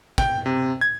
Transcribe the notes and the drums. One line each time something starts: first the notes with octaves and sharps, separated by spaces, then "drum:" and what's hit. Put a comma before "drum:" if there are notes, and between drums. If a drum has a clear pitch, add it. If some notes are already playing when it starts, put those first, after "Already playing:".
G5, drum: kick
C3
G#6